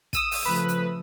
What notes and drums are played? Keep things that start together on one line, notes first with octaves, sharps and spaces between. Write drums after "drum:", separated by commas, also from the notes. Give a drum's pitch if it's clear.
D#6 E6 D#7, drum: kick, hi-hat
drum: open hi-hat
C#3 F3 A3 B4
drum: hi-hat